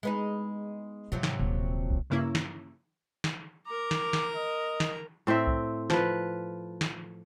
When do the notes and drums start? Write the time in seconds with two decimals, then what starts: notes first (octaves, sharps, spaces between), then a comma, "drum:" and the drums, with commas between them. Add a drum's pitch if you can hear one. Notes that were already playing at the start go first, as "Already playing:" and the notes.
0.03 G#3 B3 D#4
1.12 G#2 C3 F3 F#3
1.23 drum: snare
1.39 D#1
1.90 drum: kick C2
2.10 G2 C#3 A#3 C#4 E4
2.35 drum: snare
3.24 drum: snare
3.67 A#4 A#5 D6
3.91 drum: snare
4.13 drum: snare
4.36 D#5
4.80 drum: snare
5.27 A2 C4 C5 E5
5.47 drum: kick C2
5.90 F3 B4, drum: snare
6.81 drum: snare